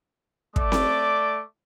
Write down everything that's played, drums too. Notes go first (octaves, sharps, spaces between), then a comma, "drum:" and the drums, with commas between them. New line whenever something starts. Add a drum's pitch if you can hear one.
A3 D5 D6, drum: kick
drum: snare C4